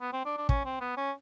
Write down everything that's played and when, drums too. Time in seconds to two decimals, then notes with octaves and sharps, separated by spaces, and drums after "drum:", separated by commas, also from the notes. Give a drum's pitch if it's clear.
0.01 B3
0.13 C4
0.25 D4
0.37 D4
0.49 C#4, drum: kick
0.65 C4
0.81 B3
0.97 C#4